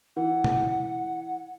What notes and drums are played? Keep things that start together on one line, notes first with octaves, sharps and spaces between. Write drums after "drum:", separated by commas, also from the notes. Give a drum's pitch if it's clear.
E3 F#5
drum: tom B2